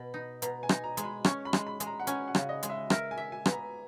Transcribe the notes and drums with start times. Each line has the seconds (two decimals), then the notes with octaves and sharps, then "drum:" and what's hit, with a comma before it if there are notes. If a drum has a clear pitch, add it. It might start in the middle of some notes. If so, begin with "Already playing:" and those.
Already playing: B2 B5
0.14 D#4
0.42 B2 A#5, drum: hi-hat
0.63 G#5
0.69 D#4, drum: rim click
0.84 A#5
0.97 G#3, drum: hi-hat
1.04 B5
1.24 C#4 C#6, drum: rim click
1.45 B5
1.53 G#3, drum: rim click
1.67 B5
1.80 G#3, drum: hi-hat
1.87 A#5
2.00 F#5
2.07 C#4 G#5, drum: hi-hat
2.28 F#5
2.35 C#3, drum: rim click
2.49 D#5
2.63 G#3, drum: hi-hat
2.70 E5
2.90 A#4 E5, drum: rim click
3.11 G#5
3.18 E5
3.32 G#5
3.46 B3, drum: rim click
3.52 A#5